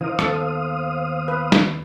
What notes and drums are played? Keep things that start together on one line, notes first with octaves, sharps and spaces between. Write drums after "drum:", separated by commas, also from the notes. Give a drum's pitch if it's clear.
E3 D#4 A#4 C5 F5 D#6
D#2 D#3 B3 A4, drum: rim click
B4
drum: snare